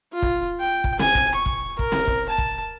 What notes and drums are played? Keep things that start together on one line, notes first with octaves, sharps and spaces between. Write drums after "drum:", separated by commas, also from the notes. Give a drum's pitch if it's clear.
F4
drum: kick
G5
drum: kick
G#5, drum: snare C4
drum: kick
C#6
drum: kick
A#4, drum: kick
drum: snare C4
drum: kick
A5
drum: kick